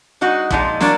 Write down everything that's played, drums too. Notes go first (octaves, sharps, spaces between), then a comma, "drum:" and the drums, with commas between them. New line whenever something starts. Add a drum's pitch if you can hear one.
G#3 D#4 F#4
A#2 F3 G#3 D#4, drum: kick
F#3 A#3 D4, drum: snare